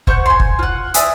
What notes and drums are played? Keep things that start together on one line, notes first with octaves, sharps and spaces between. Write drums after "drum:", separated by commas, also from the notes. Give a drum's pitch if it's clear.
C5 F#5 C#6 G6, drum: kick
G#5 C6
drum: kick
F4 F#5
D5 E5 G#5 D#6, drum: hi-hat